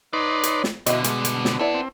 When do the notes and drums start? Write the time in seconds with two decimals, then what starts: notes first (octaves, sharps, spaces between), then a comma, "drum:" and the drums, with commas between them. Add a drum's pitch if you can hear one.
0.13 D#4 B4 C#5 D5 C6
0.43 drum: hi-hat
0.64 drum: snare
0.86 E2 B2 D3 E4 F#4 D#5, drum: hi-hat
1.04 G2 D3 G#3, drum: hi-hat
1.25 drum: hi-hat
1.45 drum: snare
1.59 B3 D4 E4 A4 D5
1.74 C4